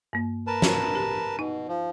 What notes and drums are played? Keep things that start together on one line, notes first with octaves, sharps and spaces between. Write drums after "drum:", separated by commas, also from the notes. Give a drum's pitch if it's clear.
G2 A#3
A#4 B4 A5
drum: snare
G4
B2 D#4
F3